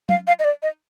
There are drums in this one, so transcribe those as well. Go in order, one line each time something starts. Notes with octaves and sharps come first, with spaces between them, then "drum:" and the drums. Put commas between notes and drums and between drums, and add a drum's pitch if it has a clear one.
F5, drum: tom F#3
F5
D#5
D5
D#5